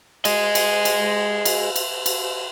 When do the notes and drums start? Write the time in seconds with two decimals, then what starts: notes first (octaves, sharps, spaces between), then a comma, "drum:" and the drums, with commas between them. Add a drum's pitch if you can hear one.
0.25 G#4 D#5, drum: cymbal
0.55 drum: cymbal
0.85 drum: cymbal
1.45 drum: cymbal
1.76 drum: cymbal
2.06 drum: cymbal